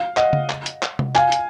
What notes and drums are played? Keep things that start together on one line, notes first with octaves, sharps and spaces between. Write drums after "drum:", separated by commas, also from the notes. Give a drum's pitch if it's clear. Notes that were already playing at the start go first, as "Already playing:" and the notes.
Already playing: F5
D#5 F#5, drum: clap
drum: tom C#3
drum: clap
drum: hi-hat
drum: clap
drum: tom C3
F5 G#5, drum: clap
drum: hi-hat